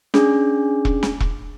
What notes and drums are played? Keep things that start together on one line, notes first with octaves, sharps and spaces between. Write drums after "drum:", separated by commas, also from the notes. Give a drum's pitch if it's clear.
C#4 D4 G#4, drum: snare
drum: kick E1
drum: snare
drum: kick E1